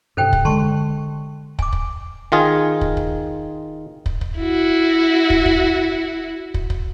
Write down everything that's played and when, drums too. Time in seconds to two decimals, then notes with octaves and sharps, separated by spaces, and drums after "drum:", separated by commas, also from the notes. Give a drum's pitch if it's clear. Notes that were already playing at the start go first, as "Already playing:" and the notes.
0.17 G2 C3 A4 C5 G5
0.33 drum: kick
0.45 D3 G#3 A5 C6 C#6
1.59 G#5 D6, drum: kick
1.73 drum: kick
2.32 D#3 F4 G#4
2.81 drum: kick
2.97 drum: kick
4.06 drum: kick
4.21 drum: kick
4.39 E4 F#4
5.30 drum: kick
5.46 drum: kick
6.54 drum: kick
6.70 drum: kick